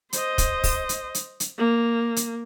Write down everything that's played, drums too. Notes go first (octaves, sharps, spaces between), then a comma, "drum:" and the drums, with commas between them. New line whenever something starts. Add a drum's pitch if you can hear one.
C5 D#5, drum: hi-hat
drum: kick, hi-hat
drum: kick, open hi-hat
drum: hi-hat
drum: hi-hat
drum: hi-hat
A#3
drum: hi-hat